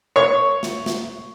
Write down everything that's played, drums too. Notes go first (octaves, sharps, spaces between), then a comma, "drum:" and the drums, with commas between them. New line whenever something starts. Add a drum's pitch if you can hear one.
C#5 C#6
drum: snare
drum: snare